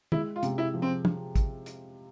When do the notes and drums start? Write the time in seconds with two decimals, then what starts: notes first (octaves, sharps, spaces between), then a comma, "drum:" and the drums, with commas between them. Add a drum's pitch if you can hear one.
0.12 G#3 E4, drum: tom
0.36 F4
0.43 C3, drum: hi-hat
0.58 E4
0.74 F3
0.82 C4
1.05 drum: tom
1.35 drum: kick, hi-hat
1.66 drum: hi-hat